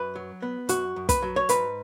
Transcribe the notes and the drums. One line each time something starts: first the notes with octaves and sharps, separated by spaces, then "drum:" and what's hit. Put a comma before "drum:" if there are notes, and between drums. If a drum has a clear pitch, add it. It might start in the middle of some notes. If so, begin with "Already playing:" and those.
Already playing: F#2 B4
F#3
B3
F#2 F#4, drum: hi-hat
F#2
B4, drum: kick, hi-hat
F#3
C#5
G#2 B4, drum: hi-hat